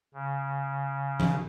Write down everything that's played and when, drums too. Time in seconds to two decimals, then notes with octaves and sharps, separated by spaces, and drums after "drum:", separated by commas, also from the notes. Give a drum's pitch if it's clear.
0.14 C#3
1.20 drum: tom E3